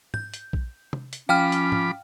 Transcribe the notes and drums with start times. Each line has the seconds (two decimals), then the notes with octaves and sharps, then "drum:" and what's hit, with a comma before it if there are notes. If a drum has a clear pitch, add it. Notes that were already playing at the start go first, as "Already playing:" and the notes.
0.14 G6, drum: tom
0.34 drum: hi-hat
0.53 drum: kick A#1
0.93 drum: tom
1.13 drum: hi-hat
1.29 F3 C#4 F5 G5 B5 D6 F6
1.52 drum: hi-hat
1.72 drum: tom